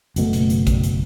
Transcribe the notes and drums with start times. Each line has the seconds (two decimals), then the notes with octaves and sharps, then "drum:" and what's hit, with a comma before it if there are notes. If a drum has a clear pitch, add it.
0.16 F#1 B2 A3, drum: hi-hat
0.33 drum: hi-hat
0.50 drum: hi-hat
0.67 drum: kick, hi-hat
0.84 drum: hi-hat